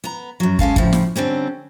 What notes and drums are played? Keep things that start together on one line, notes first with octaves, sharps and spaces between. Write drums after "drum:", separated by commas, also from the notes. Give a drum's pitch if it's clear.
B3 A#5
F#2 F#3
G#3 C#4 F5 A5, drum: kick
A2 C#3 F3 E4, drum: kick
drum: snare
D3 G3 C4 C#4